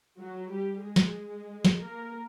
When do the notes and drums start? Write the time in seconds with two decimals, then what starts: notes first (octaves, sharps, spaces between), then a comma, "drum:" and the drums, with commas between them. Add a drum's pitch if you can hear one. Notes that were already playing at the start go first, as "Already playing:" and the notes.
0.19 F#3 F#4
0.51 G3 G4
0.83 G#3 G#4
0.96 drum: snare
1.65 drum: snare
1.80 A#3 A#4